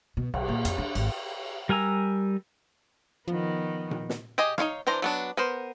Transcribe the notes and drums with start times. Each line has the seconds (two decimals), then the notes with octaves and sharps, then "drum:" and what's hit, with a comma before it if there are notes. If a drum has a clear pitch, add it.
0.17 B2
0.34 B1, drum: cymbal
0.48 A#2
0.65 F2, drum: hi-hat
0.78 D4
0.95 G#1, drum: cymbal
1.69 G3 A#4 G#5 A#5 E6
3.28 D#3 F3 B3
3.91 drum: tom A#2
4.09 drum: snare
4.38 G4 G#4 D#5 G#5
4.58 D#4 E4 C#5 F5, drum: rim click
4.87 E3 D4 C5 A#5
5.02 F#3 B3 D4
5.37 B3 A#4 C5